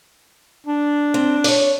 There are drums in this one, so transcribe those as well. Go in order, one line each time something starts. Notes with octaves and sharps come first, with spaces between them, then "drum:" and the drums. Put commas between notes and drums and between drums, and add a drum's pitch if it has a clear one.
D4
C4
C#5 D5, drum: open hi-hat